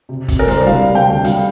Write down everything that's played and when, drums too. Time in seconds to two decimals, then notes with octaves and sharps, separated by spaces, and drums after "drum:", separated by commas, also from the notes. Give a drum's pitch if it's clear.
0.09 C3
0.28 C3, drum: kick, hi-hat
0.39 A#4
0.48 C2 C5, drum: hi-hat
0.57 D5
0.66 G3 F5
0.86 C3
0.95 G5
1.05 D2
1.24 G3 F5, drum: hi-hat